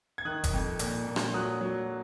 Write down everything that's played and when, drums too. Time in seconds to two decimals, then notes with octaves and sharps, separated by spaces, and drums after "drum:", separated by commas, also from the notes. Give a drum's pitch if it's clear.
0.18 G#6
0.25 D#3 D#6 F#6
0.44 drum: kick F1, hi-hat
0.53 F2
0.79 A#2, drum: hi-hat
1.07 A#2
1.16 drum: rim click
1.34 F#3 D#6 F#6
1.61 F#3